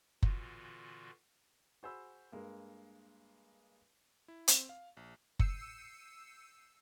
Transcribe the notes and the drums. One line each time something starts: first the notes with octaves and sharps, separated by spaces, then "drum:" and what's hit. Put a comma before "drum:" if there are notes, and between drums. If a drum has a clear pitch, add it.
A#2 D3 E3 B3 F4 F#4, drum: kick F#1
F#4 G#4 C5 G#5 B5 E6
G2 G#3 A#3
E4
C4, drum: hi-hat
F5
A#1
E6 G6 C7 C#7 D#7 E7, drum: kick F#1